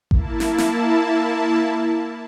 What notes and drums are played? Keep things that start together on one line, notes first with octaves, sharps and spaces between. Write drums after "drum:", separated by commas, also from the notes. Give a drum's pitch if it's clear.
A#3 E4 A5, drum: kick G#1
drum: snare
drum: snare